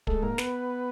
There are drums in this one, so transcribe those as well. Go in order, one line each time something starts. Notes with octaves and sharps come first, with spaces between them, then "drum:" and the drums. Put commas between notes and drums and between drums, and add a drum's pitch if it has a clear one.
G#3 A3 A4, drum: kick
G#2 A#3 A#4
B3 B4, drum: snare